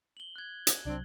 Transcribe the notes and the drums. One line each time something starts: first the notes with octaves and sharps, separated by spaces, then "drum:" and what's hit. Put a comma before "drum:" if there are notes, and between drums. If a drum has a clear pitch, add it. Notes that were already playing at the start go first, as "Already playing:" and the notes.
F#7 G7
F#6 G#6
drum: hi-hat
C2 F#3 C4 D4